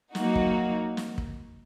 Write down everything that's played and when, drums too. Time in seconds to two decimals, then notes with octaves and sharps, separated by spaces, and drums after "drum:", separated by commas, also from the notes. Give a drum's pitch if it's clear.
0.15 F#3 A#3 D#4 F#4, drum: snare
0.35 drum: kick
0.97 drum: snare
1.18 drum: kick